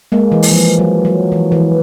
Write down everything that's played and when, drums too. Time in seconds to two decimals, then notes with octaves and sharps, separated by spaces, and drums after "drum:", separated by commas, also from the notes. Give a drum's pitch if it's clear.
0.12 G#3 A#3
0.32 E3
0.43 drum: open hi-hat
0.52 F3
0.79 F#3
1.05 F#3
1.32 E3
1.52 E3